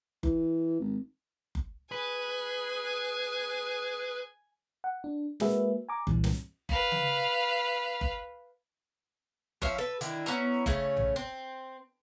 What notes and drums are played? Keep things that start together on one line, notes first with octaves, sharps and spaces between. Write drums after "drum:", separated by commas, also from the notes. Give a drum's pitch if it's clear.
E3, drum: kick F#1
G#1
drum: kick F#1
G#4 B4 G#5
F#5
D4
G#3 A#3 F#4 G#4 B4 E5, drum: snare
G#5 A#5 D6
C2 G2 A#2 E3 G3, drum: kick F#1
drum: snare
B4 F5, drum: kick F#1
drum: tom C#3
drum: kick F#1
F3 C#4 E5 F5, drum: kick F#1
A4 B4
D3 D#3 E4, drum: hi-hat
B3 C#4 E4 A#5
C#3 A3 C#4, drum: kick F#1
drum: tom A#1
C4